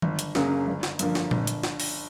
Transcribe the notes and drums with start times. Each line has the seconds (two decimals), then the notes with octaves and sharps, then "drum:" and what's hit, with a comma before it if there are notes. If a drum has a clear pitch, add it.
0.02 G1, drum: tom D#3
0.19 drum: hi-hat
0.35 F#2 C#3 F#3 A#3, drum: snare
0.67 G1
0.83 drum: snare
0.99 G2 D3 F3 A#3, drum: hi-hat
1.15 drum: snare
1.31 G1, drum: tom A#2
1.47 drum: hi-hat
1.63 drum: snare
1.80 drum: open hi-hat